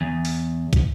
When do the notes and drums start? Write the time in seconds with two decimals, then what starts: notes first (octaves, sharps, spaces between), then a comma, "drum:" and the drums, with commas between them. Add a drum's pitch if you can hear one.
0.01 E2
0.25 drum: open hi-hat
0.73 drum: kick, hi-hat